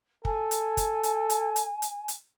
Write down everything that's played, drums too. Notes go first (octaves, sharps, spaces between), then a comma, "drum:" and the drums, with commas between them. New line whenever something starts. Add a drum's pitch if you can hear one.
A4 G#5, drum: kick
drum: hi-hat
drum: kick, hi-hat
drum: hi-hat
drum: hi-hat
drum: hi-hat
drum: hi-hat
drum: hi-hat